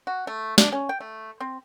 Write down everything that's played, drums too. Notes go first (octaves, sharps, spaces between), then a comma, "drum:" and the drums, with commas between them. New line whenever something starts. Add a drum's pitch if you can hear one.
F#4
A3
D4, drum: snare
C#4
G5
A3
C4